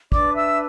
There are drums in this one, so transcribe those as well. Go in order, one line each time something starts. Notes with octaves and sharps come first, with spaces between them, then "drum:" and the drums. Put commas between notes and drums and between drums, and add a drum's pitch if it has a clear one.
D4 B4 D5 D6, drum: kick
E5 E6